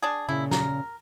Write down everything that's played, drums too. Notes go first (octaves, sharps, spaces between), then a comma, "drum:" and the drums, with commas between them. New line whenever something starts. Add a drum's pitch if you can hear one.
D4 G#4
A#2 C#3 E4
A#4, drum: snare